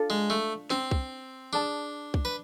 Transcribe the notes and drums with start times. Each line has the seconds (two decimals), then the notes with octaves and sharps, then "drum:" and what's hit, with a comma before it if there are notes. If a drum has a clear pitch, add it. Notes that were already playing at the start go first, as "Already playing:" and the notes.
Already playing: D4 F4 A4
0.10 G#3
0.30 A3
0.70 C4, drum: snare C#4
0.91 drum: kick C2
1.53 D4 G#4 D5 A5
2.14 drum: kick C2
2.25 B4